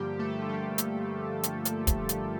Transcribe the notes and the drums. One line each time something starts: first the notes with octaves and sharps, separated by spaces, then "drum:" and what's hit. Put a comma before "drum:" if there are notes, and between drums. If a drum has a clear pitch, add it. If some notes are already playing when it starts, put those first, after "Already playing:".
Already playing: G2 D3 F3 G3 A#3 G4
A3 A4
F4
G3 G4
drum: hi-hat
drum: hi-hat
drum: hi-hat
drum: kick, hi-hat
drum: hi-hat